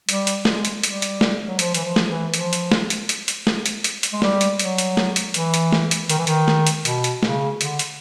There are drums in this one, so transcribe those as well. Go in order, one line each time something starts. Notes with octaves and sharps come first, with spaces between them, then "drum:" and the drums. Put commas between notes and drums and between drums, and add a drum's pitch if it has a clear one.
G3, drum: hi-hat
drum: hi-hat
G#3, drum: snare
drum: hi-hat
G3, drum: hi-hat
drum: hi-hat
drum: snare
F#3
F3, drum: hi-hat
E3, drum: hi-hat
F3
drum: snare
E3
F3, drum: hi-hat
drum: hi-hat
drum: snare
drum: hi-hat
drum: hi-hat
drum: hi-hat
drum: snare
drum: hi-hat
drum: hi-hat
drum: hi-hat
G#3
G3, drum: snare
drum: hi-hat
F#3, drum: hi-hat
drum: hi-hat
drum: snare
drum: hi-hat
E3, drum: hi-hat
drum: hi-hat
drum: snare
drum: hi-hat
D#3, drum: hi-hat
E3
D#3, drum: hi-hat
drum: snare
drum: hi-hat
B2, drum: hi-hat
drum: hi-hat
C#3, drum: snare
D3, drum: hi-hat
drum: hi-hat